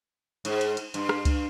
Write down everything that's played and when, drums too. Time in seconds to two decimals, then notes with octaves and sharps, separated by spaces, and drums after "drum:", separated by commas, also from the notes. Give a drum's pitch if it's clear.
0.45 G#2, drum: cymbal
0.61 drum: cymbal
0.77 drum: cymbal
0.94 G2, drum: cymbal
1.09 drum: rim click
1.25 drum: kick C#2, cymbal